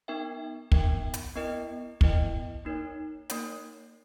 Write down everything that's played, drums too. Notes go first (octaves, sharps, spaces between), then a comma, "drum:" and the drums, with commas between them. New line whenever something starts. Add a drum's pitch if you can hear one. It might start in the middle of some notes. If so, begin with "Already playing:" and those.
B3 D#4 A#4 E5 G5
B3 D#4 A#4 E5 G5, drum: kick
drum: hi-hat
B3 E4 A#4 D#5 G5
B3 E4 A#4 D#5 G5, drum: kick
A#3 D#4 A#4 C#5
A#3 D#4 A#4 C#5, drum: hi-hat